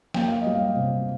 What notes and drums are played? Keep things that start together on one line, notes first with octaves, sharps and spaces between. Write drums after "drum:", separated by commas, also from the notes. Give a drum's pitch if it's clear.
A#3 G5, drum: snare
F5
G3 D#5
F5
C3